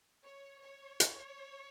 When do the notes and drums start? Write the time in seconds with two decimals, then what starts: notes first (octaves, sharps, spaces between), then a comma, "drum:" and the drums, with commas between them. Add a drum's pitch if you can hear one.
0.24 C#5
0.63 C#5
1.00 drum: hi-hat